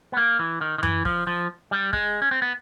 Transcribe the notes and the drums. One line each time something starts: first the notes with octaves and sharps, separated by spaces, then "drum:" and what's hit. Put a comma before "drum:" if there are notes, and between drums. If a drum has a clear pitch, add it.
B3
A#3
E3
D#3
D#3
E3, drum: tom F#2
F3, drum: kick
F3
G3
G#3, drum: kick
C#4
C4
B3